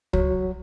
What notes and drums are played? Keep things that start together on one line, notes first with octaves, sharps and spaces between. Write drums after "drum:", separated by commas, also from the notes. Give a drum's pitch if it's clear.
F#3, drum: kick